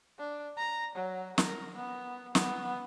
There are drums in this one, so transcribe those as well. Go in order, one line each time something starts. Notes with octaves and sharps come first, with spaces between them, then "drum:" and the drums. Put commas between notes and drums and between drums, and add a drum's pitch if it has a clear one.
D4
A#5
F#3
A#4, drum: snare
B3
B3, drum: snare